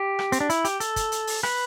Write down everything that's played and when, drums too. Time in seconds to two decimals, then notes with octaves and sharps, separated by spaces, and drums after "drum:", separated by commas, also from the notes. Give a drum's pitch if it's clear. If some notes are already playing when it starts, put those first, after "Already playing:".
Already playing: G4
0.19 drum: rim click
0.32 C4, drum: hi-hat
0.40 D4
0.50 E4, drum: hi-hat
0.65 G4, drum: hi-hat
0.80 A4, drum: hi-hat
0.96 drum: kick, hi-hat
1.12 drum: hi-hat
1.27 drum: open hi-hat
1.43 B4, drum: rim click